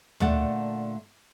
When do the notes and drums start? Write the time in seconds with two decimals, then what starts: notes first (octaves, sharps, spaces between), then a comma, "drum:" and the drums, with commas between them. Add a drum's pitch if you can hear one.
0.20 A#2 D3 A3 D5 F#5, drum: tom